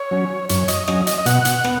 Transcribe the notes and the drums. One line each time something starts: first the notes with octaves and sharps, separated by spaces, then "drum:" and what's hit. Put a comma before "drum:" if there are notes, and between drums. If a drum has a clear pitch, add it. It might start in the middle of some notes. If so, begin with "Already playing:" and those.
Already playing: C#5
F#3 C#4
F#2 C#5, drum: hi-hat
D#5, drum: hi-hat
F#3 C#4 D#5, drum: rim click
D#5, drum: hi-hat
D#5
B2 F#5, drum: hi-hat
drum: hi-hat
B3, drum: rim click